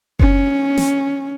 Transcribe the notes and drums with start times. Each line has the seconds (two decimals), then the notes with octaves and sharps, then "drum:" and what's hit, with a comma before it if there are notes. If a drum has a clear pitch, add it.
0.19 C#4, drum: kick F#1
0.78 drum: snare